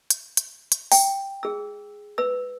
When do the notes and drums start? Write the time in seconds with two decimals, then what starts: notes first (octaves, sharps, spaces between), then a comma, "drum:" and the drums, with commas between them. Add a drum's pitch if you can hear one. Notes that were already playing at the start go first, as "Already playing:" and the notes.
0.10 drum: hi-hat
0.37 drum: hi-hat
0.72 drum: hi-hat
0.92 G5, drum: open hi-hat
1.43 G#4 E6
2.18 B4 E6